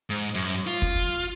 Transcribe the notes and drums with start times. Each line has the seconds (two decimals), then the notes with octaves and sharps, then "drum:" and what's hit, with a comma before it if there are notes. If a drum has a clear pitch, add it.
0.10 G#2
0.35 F#2
0.67 F4
0.82 drum: kick